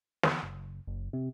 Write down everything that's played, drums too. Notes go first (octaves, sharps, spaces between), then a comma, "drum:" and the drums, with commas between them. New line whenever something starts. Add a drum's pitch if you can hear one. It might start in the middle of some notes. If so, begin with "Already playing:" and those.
E2, drum: snare
F#1
F#1
C3